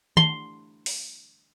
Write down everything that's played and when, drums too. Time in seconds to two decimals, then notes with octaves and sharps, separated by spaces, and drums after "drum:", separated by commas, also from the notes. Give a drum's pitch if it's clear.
0.17 C6, drum: tom
0.86 drum: open hi-hat